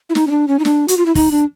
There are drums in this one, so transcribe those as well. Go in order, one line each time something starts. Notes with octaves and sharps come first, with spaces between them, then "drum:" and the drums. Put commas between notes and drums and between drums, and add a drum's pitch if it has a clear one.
E4
D#4, drum: snare
C#4
D4
C#4
D#4
D4, drum: snare
F#4, drum: hi-hat
F4
E4
D#4, drum: kick, open hi-hat
D4